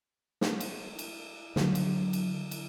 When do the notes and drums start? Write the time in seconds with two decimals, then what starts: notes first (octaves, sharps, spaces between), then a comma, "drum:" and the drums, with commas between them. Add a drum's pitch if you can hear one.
0.41 drum: snare
0.60 drum: cymbal
0.99 drum: cymbal
1.56 D3 F#3, drum: snare
1.75 drum: cymbal
2.13 drum: cymbal
2.51 drum: cymbal